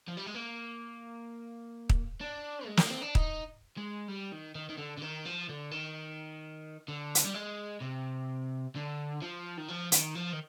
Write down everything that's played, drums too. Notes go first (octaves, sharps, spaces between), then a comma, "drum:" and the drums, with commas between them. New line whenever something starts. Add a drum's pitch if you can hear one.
F3
G3
G#3
A#3
drum: kick
D4
G#3
A#3, drum: snare
C4
D4
D#4, drum: kick
G#3
G3
D#3
D#3
D#3
D3
D3
D#3
F3
D3
D#3
D3
drum: hi-hat
G3
G#3
C3
D3
F3
D#3
F3
D#3, drum: hi-hat
F3
D#3